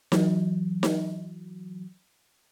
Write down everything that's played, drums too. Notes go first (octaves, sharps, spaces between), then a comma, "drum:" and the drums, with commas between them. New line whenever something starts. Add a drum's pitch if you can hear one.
E3 F#3, drum: snare D#4
drum: snare D#4